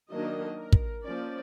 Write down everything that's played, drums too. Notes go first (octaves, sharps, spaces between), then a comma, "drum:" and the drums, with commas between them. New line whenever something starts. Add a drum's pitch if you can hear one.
D#3 F#3 A#3 D4 D#5
A#4
drum: kick
F3 A#3 C#4 D5